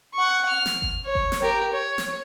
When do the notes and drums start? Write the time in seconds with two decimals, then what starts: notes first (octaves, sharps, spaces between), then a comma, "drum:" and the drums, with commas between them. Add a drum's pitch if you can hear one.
0.14 F#5 C#6
0.49 F6
0.66 drum: snare
0.82 drum: kick G1
1.05 C#5
1.15 drum: kick G1
1.32 drum: snare
1.42 G4 A#4
1.72 C#5
1.98 drum: snare